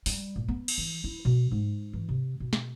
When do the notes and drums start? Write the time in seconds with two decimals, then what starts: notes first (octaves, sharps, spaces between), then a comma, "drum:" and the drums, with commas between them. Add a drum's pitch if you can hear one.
0.06 G3, drum: open hi-hat
0.36 A#2
0.48 B3
0.68 drum: cymbal
0.78 E3
1.04 E4
1.25 B2
1.51 G#2
1.93 E3
2.09 C3
2.40 B2
2.53 drum: snare